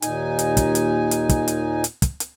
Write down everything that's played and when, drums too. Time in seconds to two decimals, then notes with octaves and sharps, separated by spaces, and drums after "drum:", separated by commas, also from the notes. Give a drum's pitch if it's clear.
0.02 D#2 A#2 D#4 G#5, drum: hi-hat
0.39 drum: hi-hat
0.57 drum: kick, hi-hat
0.75 drum: hi-hat
1.11 drum: hi-hat
1.29 drum: kick, hi-hat
1.48 drum: hi-hat
1.84 drum: hi-hat
2.02 drum: kick, hi-hat
2.20 drum: hi-hat